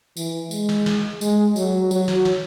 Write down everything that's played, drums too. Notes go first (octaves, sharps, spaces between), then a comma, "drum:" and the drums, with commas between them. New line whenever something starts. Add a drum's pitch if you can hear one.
E3, drum: tambourine
G#3, drum: tambourine
drum: snare
drum: snare
G#3, drum: tambourine
F#3, drum: tambourine
F#3, drum: tambourine
drum: snare
drum: snare